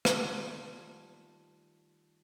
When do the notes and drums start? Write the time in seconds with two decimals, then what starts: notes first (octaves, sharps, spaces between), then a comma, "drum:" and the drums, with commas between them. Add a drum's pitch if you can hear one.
0.05 D#3 G3 A3 F4 F#5 A5, drum: rim click